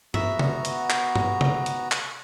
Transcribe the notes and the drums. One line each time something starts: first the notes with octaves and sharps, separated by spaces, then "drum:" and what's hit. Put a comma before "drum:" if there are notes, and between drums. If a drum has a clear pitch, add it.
B3 F#4 E5 A#5, drum: tom G2
drum: tom C3
drum: hi-hat
drum: clap
drum: tom G2
drum: tom C3
drum: hi-hat
drum: clap